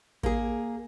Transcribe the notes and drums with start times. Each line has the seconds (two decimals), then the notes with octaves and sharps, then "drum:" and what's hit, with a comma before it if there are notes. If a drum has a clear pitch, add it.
0.23 A#3 G#4, drum: kick A1